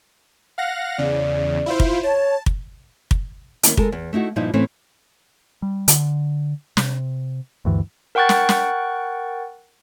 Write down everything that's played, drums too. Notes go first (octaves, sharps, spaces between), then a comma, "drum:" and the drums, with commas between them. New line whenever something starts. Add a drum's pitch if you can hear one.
F5 F#5 A#6
E2 C#3 D5
E4 F4 C5
drum: kick
C#5 A5
drum: kick
drum: kick
D#3 A#3 C#4 E4, drum: hi-hat
G#3 A4 A#4, drum: kick
E2
A3 D#4 E4 F#4
G2 A#2 F3 D#4 E4
A2 E3 A3 C4 C#4
G3
D3, drum: hi-hat
C3, drum: snare
D2 G2 E3
A#4 F#5 G5 C#6 F#6 A6
drum: snare
drum: snare